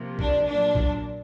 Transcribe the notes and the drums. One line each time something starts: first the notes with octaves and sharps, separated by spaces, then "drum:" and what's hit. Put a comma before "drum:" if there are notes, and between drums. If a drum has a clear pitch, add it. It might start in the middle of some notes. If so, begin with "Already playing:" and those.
Already playing: C3 F3 A#3
D4, drum: kick A#1
A#2 F#3 A#3 D4
drum: kick A#1